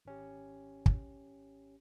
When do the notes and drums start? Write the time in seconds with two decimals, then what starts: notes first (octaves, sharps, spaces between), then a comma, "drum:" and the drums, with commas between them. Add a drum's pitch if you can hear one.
0.05 G#1 C#4 G4
0.86 drum: kick